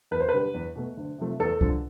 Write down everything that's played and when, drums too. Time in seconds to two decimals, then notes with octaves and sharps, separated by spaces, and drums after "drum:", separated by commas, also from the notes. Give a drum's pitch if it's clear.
0.11 E2 B4
0.20 C5
0.29 B4
0.34 D3 G3
0.54 E2
0.76 B2 A3
0.97 D2
1.18 C3 F3 A3
1.40 E2 A4
1.61 D3 F3, drum: kick C2